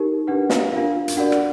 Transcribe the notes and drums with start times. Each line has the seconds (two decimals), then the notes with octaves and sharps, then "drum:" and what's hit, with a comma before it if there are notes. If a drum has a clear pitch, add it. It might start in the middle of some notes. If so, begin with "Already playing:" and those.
Already playing: D#4 G4 A#4
0.27 D4 G4 B4 F#5
0.50 F5, drum: snare
0.72 D4 F4 A#4 F5
1.08 drum: hi-hat
1.17 D4 F#4 A#4 D5 F#5
1.32 drum: rim click